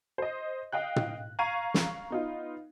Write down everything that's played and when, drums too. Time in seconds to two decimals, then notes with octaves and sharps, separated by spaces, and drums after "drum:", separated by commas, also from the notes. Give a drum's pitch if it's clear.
0.18 C5 D#5
0.72 D#5 F5 G5 F#6
0.96 drum: tom
1.39 F5 A#5 C#6 G#6 D#7
1.74 drum: snare
2.10 B3 D#4 F4